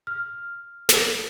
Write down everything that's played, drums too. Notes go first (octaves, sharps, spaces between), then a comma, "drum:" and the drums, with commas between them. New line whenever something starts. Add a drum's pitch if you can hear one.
F6
drum: snare